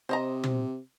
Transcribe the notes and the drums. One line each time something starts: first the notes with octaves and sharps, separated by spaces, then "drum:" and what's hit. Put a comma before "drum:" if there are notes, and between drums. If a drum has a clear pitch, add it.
C3 C5 D#5 A#5
drum: tom